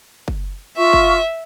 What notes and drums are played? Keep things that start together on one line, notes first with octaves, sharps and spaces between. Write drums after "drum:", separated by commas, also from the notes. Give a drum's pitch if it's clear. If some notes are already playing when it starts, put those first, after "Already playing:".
drum: kick F#1
F4 E5 C#6
drum: kick F#1